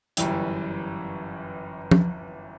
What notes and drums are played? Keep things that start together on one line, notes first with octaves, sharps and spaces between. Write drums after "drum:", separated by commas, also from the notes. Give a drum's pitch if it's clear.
G1 F#2 E3 G3 G5, drum: hi-hat
drum: tom